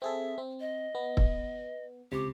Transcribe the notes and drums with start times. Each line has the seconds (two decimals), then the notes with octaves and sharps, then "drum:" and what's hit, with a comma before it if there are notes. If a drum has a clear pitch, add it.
0.02 C4 G#4 A4 E5
0.38 C4
0.60 D#5
0.95 B3
1.17 drum: kick
2.12 C#2 C3 G4